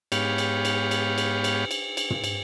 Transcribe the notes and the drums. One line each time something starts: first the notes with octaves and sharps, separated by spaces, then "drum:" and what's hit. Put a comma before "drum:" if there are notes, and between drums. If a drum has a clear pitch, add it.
G#2 B3 G4 C#5 F5, drum: cymbal
drum: cymbal
drum: cymbal
drum: cymbal
drum: cymbal
drum: cymbal
drum: cymbal
drum: cymbal
drum: tom
drum: cymbal